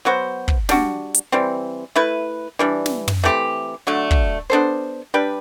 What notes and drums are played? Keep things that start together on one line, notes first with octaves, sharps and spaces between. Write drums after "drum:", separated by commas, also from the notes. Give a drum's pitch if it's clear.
F#3 B3 F#4 C5
drum: kick
G3 D4 F#4, drum: snare
drum: hi-hat
E3 G3 C4
A3 E4 B4
E3 G3 D4
drum: snare
drum: tom
E3 A3 C4 G4
D3 F#3 A3
drum: kick
B3 D4 A4 C5
G3 D4 G4 B4